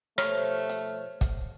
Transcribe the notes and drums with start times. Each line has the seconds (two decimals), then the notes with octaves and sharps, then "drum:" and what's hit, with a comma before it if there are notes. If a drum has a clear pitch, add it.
0.18 B2 F3 G3 A3 C#5 F6, drum: rim click
0.69 drum: hi-hat
1.21 drum: kick, hi-hat